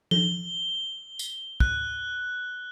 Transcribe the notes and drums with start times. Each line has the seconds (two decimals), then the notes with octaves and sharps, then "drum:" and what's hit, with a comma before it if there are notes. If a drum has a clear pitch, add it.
0.11 G7, drum: tom F3
1.19 drum: tambourine
1.60 F#6, drum: kick